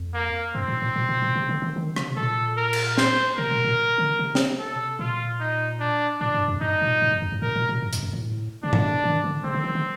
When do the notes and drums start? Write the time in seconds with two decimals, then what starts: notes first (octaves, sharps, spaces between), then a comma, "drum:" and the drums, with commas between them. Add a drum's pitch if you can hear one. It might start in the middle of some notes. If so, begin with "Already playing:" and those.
Already playing: F2
0.14 A#3
0.55 G2 C4
0.68 A2
0.82 A2
0.96 A#2
1.09 A#2
1.22 A#2
1.36 C3
1.49 D3
1.62 D#3
1.76 D#3
1.96 C3, drum: rim click
2.17 A#2 A4
2.57 A#4
2.73 drum: cymbal
2.98 C5, drum: snare
3.38 C3 A#4
3.51 A#2
3.65 A#2
3.98 D3
4.19 C3
4.35 drum: snare
4.59 A4
4.99 A#2 F4
5.40 D#4
5.80 D4
6.20 A2 D4
6.34 G2
6.48 F2
6.61 G2 D#4
6.81 A#2
7.02 A2
7.11 G2
7.22 F2
7.32 G2
7.42 A2 A#4
7.56 A#2
7.69 A#2
7.82 G2
7.93 F2, drum: hi-hat
8.03 F2
8.13 A2
8.63 C3 D4
8.73 drum: tom G#2
9.04 D#3
9.24 D3
9.44 C3 C4
9.54 D3
9.64 D#3
9.75 D3